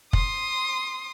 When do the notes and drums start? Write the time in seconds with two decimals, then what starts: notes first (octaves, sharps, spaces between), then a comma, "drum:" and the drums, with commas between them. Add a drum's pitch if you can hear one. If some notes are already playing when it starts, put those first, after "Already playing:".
0.13 C6 D#6, drum: kick